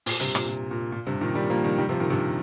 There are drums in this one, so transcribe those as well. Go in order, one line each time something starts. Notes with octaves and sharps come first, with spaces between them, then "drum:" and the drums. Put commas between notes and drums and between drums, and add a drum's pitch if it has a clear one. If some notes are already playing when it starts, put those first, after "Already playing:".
A#2, drum: open hi-hat
G2 C3, drum: hi-hat
A#2, drum: rim click
A#2
A#2
A#2
G2 C3
A#2 D#3
D#3 G3
F3 A#3
D#3 G3
D#3 G3
C3 F3
A#2 D#3
G2 C3